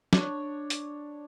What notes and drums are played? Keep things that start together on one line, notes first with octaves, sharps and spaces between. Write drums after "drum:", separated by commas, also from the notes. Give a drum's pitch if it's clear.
D4 C#5, drum: snare
drum: hi-hat